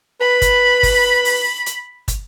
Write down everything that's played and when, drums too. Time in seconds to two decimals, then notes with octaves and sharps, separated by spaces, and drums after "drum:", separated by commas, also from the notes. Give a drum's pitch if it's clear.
0.21 B4 B5
0.42 drum: kick, hi-hat
0.83 drum: kick, open hi-hat
1.25 drum: open hi-hat
1.66 drum: hi-hat
2.08 drum: kick, hi-hat